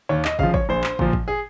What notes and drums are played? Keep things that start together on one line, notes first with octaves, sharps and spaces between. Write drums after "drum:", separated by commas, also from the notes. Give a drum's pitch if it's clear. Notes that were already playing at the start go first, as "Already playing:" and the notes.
D#2 C#5
D#5, drum: clap
C#3 F3 F5, drum: kick
C#5, drum: kick
A#1 C5
drum: clap
A#2 F3, drum: kick
drum: kick
G#4